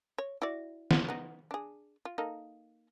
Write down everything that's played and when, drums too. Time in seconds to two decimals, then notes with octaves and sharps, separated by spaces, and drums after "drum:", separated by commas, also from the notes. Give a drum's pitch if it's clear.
0.18 C#5
0.42 E4 F#4 D5
0.91 drum: snare
1.09 B3 D#4
1.51 D4 G#4
2.05 F4
2.18 A#3 D#4 A4